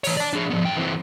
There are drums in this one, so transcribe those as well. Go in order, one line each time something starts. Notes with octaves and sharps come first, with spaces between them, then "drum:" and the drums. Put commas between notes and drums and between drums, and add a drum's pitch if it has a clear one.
E3 C#5, drum: open hi-hat
D5 A5
D4 G#4
F3 B3
F#2 G5
E3 C4